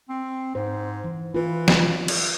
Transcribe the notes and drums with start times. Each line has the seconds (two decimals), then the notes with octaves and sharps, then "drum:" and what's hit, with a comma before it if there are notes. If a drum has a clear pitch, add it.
0.09 C4
0.55 G#2 C5
1.04 E3
1.34 E3 F4 B4
1.68 F4, drum: snare
2.08 drum: cymbal